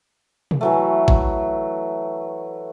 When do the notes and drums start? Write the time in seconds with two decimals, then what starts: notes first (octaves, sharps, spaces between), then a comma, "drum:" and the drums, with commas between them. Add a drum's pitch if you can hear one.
0.51 drum: tom
0.61 E3 F#3 A3
1.08 drum: kick